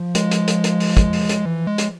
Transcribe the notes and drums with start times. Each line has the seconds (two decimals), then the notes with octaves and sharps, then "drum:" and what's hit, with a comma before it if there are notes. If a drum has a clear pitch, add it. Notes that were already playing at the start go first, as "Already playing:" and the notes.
Already playing: F3
0.15 G#3, drum: hi-hat
0.31 drum: hi-hat
0.48 drum: hi-hat
0.64 drum: hi-hat
0.80 drum: open hi-hat
0.97 drum: kick, hi-hat
1.13 drum: open hi-hat
1.29 drum: hi-hat
1.46 E3
1.67 G#3
1.78 drum: hi-hat